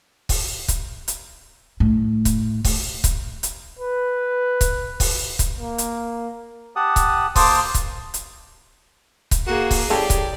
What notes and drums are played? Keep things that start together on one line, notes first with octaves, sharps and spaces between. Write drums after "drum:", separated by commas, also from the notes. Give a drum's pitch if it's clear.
drum: kick C#1, open hi-hat
drum: kick C#1, hi-hat
drum: hi-hat
A2
drum: kick C#1, hi-hat
drum: kick C#1, open hi-hat
drum: kick C#1, hi-hat
drum: hi-hat
B4
drum: kick C#1, hi-hat
drum: kick C#1, open hi-hat
drum: kick C#1, hi-hat
A#3
drum: hi-hat
G4 F#5 A5 D#6
drum: kick C#1, hi-hat
A#3 C5 A5 C6 D6 D#6, drum: kick C#1, open hi-hat
drum: kick C#1, hi-hat
drum: hi-hat
drum: kick C#1, hi-hat
A#3 F#4 G#4
drum: kick C#1, open hi-hat
E3 C#4 G4 A4 D5
drum: kick C#1, hi-hat